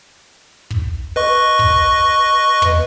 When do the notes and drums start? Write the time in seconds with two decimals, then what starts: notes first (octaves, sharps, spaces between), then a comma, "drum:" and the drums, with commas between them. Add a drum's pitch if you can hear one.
0.71 drum: kick
1.16 B4 D#5 C#6
1.59 drum: kick
2.62 drum: tom